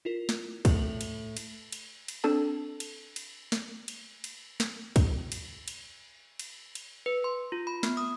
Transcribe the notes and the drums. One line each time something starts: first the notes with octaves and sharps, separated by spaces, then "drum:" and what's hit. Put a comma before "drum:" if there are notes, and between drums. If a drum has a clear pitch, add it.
E4 F4 A#4
drum: snare
A2 F7 F#7, drum: kick, cymbal
drum: cymbal
drum: cymbal
drum: cymbal
drum: cymbal
C4 D4 A4 A5
drum: cymbal
drum: cymbal
drum: snare
drum: cymbal
drum: cymbal
drum: snare
drum: kick, cymbal
drum: cymbal
drum: cymbal
drum: cymbal
drum: cymbal
B4
C6
F4
B5
B3, drum: snare
D#6